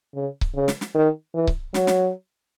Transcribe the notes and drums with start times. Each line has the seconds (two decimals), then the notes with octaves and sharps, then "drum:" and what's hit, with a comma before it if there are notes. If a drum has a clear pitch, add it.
0.15 C#3
0.41 drum: kick C#1
0.55 C#3
0.68 drum: snare
0.81 drum: snare
0.95 D#3
1.35 E3
1.47 drum: kick C#1
1.74 F#3, drum: snare
1.87 drum: snare